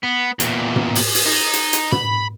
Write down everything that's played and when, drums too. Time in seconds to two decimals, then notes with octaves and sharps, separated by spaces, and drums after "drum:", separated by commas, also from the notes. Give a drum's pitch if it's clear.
0.04 B3
0.40 E2 A#2, drum: hi-hat
0.76 drum: tom
0.95 drum: open hi-hat
1.15 drum: open hi-hat
1.26 D#4
1.53 drum: hi-hat
1.73 drum: hi-hat
1.92 B5, drum: tom